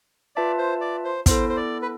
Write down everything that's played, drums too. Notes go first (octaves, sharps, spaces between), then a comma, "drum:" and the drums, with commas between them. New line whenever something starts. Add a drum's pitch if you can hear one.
F4 B4 D5 E5 A5
C5
D5
C5
B3 E4 A4 C5, drum: kick, hi-hat
C5
D5
B4